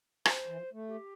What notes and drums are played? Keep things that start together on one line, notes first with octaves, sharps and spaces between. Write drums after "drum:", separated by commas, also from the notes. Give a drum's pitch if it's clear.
C5, drum: rim click
E3
F3
A3
G4